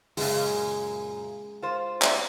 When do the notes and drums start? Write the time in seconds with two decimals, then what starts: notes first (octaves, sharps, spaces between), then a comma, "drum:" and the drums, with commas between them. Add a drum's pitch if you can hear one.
0.17 F#2 A#2 C#3 G#3, drum: open hi-hat
1.62 F4 C5
2.02 drum: clap